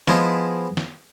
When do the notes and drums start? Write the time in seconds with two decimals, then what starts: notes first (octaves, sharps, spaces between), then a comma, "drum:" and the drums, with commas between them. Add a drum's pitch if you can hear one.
0.07 F3 G#3 B3 E4, drum: snare
0.77 drum: snare